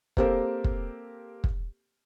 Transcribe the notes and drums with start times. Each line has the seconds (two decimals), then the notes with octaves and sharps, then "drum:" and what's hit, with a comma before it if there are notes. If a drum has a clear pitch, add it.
0.17 A#3 C4 G4 A4 A#4 C5, drum: kick
0.64 drum: kick
1.44 drum: kick